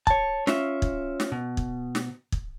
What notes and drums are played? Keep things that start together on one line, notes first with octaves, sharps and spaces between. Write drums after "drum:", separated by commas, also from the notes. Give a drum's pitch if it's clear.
C#5 A5, drum: kick
C#4 F4 E5, drum: snare
drum: kick
drum: snare
B2
drum: kick
drum: snare
drum: kick